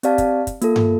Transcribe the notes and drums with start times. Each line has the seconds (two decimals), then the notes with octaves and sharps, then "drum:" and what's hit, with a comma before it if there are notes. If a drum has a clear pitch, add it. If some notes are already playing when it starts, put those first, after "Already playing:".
0.03 C4 G4 D5 F5 A5, drum: hi-hat
0.18 drum: kick, hi-hat
0.47 drum: kick, hi-hat
0.62 A#3 F4 A4, drum: hi-hat
0.76 drum: tom G2